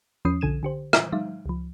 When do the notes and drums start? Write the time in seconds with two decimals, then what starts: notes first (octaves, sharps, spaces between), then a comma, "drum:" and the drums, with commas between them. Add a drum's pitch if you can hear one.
0.25 E2 F3 C#4 D#6 C7
0.41 B1 D3 A4 G#6 D#7 E7
0.63 D3 G4 C5
0.93 drum: rim click
1.12 F#3 G#3 D#4 E5 F5
1.46 C#2 F3